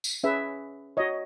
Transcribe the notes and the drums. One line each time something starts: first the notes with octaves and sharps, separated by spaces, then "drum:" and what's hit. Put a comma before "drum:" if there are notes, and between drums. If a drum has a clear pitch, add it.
drum: tambourine
C#4 G#4 B4 E5
F#4 C#5 D#5